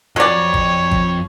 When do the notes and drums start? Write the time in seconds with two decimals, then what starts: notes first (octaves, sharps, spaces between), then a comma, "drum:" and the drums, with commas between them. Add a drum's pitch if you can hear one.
0.16 F2 F#3 C#5 D5
0.54 drum: kick G#1
0.91 drum: kick G#1